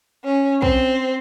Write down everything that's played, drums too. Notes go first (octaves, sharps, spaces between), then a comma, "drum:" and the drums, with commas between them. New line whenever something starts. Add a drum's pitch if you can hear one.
C#4
C4, drum: kick